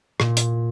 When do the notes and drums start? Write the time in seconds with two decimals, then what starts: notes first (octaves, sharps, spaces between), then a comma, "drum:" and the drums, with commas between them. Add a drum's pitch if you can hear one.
0.20 A#2, drum: rim click
0.37 drum: hi-hat